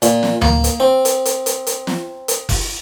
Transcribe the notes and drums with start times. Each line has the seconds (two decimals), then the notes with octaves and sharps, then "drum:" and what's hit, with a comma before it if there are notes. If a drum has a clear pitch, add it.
0.02 A#2, drum: hi-hat
0.23 drum: snare
0.41 A#3, drum: tom D2
0.64 drum: hi-hat
0.80 C4
1.05 drum: hi-hat
1.25 drum: hi-hat
1.46 drum: hi-hat
1.67 drum: hi-hat
1.87 drum: snare
2.28 drum: hi-hat
2.49 drum: kick F1, open hi-hat